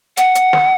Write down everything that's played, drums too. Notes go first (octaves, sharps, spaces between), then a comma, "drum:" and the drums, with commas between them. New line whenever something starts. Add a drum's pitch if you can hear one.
F#5, drum: hi-hat
drum: hi-hat
drum: snare